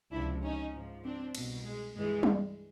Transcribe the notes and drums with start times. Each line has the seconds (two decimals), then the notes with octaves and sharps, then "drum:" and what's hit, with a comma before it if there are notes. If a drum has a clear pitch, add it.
0.12 C#2 C3 F3 D4 E4
0.42 C#4 D#4
0.73 G#2 F3
1.04 C4 D4
1.35 C2 B2, drum: cymbal
1.65 G#3
1.96 G2 E3 G#3
2.23 drum: tom G3